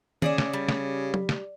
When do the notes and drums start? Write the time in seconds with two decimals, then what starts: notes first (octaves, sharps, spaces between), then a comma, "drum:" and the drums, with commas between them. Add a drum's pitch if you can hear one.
0.22 C#3 G#4 D5 E5, drum: tom D#3
0.38 drum: snare
0.53 G3
0.69 drum: snare
1.14 drum: tom F#3
1.29 drum: snare